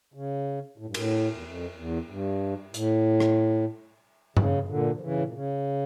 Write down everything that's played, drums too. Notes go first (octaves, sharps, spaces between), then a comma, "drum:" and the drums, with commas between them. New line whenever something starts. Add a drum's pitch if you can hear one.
C#3
A2
G2
A2, drum: cymbal
E2
F2
E2
G2
A2, drum: hi-hat
drum: rim click
C#3, drum: tom G2
A#2 D3
F3
C#3 E3
G2
A2
A#2
C#3